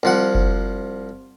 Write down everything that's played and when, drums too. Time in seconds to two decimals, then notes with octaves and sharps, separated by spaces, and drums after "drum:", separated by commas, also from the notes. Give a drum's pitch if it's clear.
0.03 C2 F3 F#5
0.35 drum: kick F#1